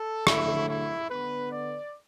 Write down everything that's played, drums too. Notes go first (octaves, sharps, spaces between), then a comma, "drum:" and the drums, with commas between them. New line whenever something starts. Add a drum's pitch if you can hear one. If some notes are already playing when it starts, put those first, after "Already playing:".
Already playing: A4
D3 F#3 A3 E4, drum: rim click
E4
D3 B3 B4
D5